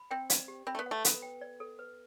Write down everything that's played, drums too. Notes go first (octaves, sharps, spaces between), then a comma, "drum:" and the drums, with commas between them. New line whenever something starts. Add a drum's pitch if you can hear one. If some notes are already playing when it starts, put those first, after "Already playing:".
Already playing: B5
C4 G5
D5, drum: hi-hat
G4
C4 B5
A3
B3
F#5
A3
B3 A4, drum: hi-hat
G5
D5
A4
B4